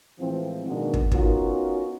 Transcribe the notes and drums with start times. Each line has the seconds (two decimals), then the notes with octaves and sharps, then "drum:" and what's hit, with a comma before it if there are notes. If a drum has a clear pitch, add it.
0.19 A2 E3 F3 G#3 C4
0.66 B2 D#3 G#3 A#3 D4 F#4
0.94 drum: kick
1.11 B3 C#4 D#4 F4 F#4 A#4, drum: kick